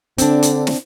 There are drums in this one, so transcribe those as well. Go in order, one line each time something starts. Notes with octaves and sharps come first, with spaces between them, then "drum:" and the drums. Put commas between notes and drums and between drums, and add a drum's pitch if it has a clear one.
D3 C4 D4, drum: hi-hat
drum: hi-hat
drum: snare